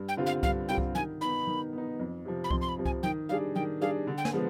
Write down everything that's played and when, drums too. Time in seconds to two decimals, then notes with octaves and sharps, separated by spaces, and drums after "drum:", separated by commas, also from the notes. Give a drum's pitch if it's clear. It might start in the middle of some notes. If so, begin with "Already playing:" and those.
Already playing: G2
0.09 G5
0.17 D3 G3 C4 F4
0.26 F5
0.43 G2 F5, drum: kick C2
0.69 D3 G3 C4 F4 G5
0.78 drum: kick C2
0.95 D#3 G#5
1.21 B3 D#4 B5
1.47 D#3
1.73 B3 D#4
2.00 F2
2.25 C3 F3
2.44 B5
2.51 F2 C6, drum: kick C2
2.61 C6
2.69 B5
2.78 C3 F3
2.86 G#5, drum: kick C2
3.03 D#3 G5
3.29 G3 D4 G#4 F5
3.55 D#3 G5
3.81 G3 D4 G#4 F5
4.07 D3
4.18 G5
4.25 G#5, drum: snare
4.33 F3 G#3 B3